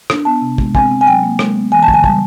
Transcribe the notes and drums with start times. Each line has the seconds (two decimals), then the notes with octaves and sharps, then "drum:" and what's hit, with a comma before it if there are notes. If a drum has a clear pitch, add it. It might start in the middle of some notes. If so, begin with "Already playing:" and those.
0.10 D4, drum: rim click
0.25 B3 A5
0.42 C3
0.58 G#3, drum: kick
0.75 C4 G#5, drum: kick
0.91 C4
1.01 G#5
1.07 F#3 G5
1.23 A#3
1.39 G#3, drum: rim click
1.56 B3
1.72 E3 G#5
1.83 A5
1.88 C#3, drum: kick
1.94 G#5
2.04 G3 A5, drum: kick